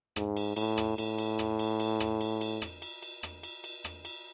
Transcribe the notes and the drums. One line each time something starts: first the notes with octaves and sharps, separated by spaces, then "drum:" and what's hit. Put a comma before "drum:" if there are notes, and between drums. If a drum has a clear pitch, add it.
G#2, drum: rim click
drum: cymbal
A2, drum: cymbal
drum: rim click
A2, drum: cymbal
drum: cymbal
drum: rim click
drum: cymbal
drum: cymbal
drum: rim click
drum: cymbal
drum: cymbal
drum: rim click
drum: cymbal
drum: cymbal
drum: rim click
drum: cymbal
drum: cymbal
drum: rim click
drum: cymbal